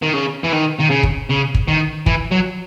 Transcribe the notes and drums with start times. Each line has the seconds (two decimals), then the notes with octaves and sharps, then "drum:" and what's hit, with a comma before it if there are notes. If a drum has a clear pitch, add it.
0.02 D#3
0.13 C#3
0.44 E3
0.53 D#3
0.79 D#3
0.90 C#3
1.03 drum: kick
1.29 C#3
1.54 drum: kick
1.68 D#3
2.06 E3, drum: kick
2.31 F#3